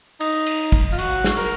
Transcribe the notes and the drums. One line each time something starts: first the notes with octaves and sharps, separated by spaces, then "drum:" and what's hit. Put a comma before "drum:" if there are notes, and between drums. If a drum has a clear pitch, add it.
D#4, drum: cymbal
drum: cymbal
drum: kick
F4
F#4, drum: cymbal
drum: snare
A#4